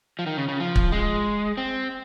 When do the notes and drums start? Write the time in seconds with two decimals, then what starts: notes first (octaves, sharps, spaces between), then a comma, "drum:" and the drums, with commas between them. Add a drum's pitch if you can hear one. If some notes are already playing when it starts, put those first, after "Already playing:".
0.19 F3
0.26 D#3
0.37 C#3
0.48 C#3
0.60 F3
0.76 drum: kick
0.92 G#3
1.57 C4